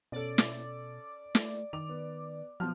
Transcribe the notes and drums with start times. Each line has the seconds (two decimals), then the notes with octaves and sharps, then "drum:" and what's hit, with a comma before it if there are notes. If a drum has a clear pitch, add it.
0.12 B2 C#4 A4 D5
0.38 drum: snare
1.35 A3, drum: snare
1.73 D#3 D6 F7
1.89 B3
2.60 B2 F3 F#3 A5 F6